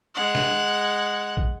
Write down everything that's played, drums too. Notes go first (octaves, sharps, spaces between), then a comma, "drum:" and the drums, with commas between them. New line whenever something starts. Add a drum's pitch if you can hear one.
G#3 F#5
drum: snare
drum: kick